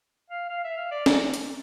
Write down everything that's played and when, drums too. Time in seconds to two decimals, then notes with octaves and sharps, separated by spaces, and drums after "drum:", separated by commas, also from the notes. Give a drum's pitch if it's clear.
0.30 F5
0.50 F5
0.64 E5
0.77 F5
0.91 D5
1.06 D5, drum: snare
1.34 drum: hi-hat